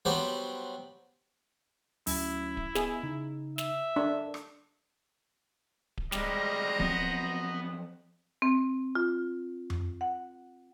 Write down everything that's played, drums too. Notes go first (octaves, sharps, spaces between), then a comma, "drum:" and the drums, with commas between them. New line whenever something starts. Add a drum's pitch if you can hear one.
F#3 G3 B3 D4 C5
D2 F#3 C#4 E4, drum: open hi-hat
drum: kick D1
B3 G#4, drum: snare
C#3 D#4
E5, drum: snare
D4 A#4
drum: rim click
drum: kick D1
G3 G#3 C5 D#5 A#5, drum: snare
F3 F#3 B3 C4, drum: kick D1
C4
F4
drum: tom F2
F#5